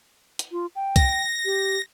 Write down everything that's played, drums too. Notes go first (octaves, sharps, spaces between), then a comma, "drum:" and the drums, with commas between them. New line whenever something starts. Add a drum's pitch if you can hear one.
drum: hi-hat
F4
G5
A#6, drum: kick C2, hi-hat
G4